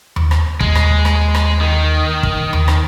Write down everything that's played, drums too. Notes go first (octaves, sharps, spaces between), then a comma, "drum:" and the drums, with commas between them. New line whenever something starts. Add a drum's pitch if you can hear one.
drum: tom D#2
drum: rim click
D#2 G#3, drum: kick
drum: rim click
drum: rim click
drum: rim click
D#3
drum: kick
drum: tom D#2
drum: rim click